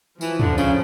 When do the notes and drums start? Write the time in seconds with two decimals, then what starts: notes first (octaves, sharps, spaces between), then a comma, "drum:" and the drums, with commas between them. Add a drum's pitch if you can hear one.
0.21 E3 F3, drum: tambourine
0.40 D3, drum: tom
0.58 C#3, drum: tambourine